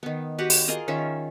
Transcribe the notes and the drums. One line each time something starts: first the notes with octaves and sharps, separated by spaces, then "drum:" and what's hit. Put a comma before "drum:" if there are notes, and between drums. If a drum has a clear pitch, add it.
D#3 B3
F#4 G4 B4 F#5
drum: open hi-hat
F4 G#4 A#4 D#5
D#3 C#4 F4 E5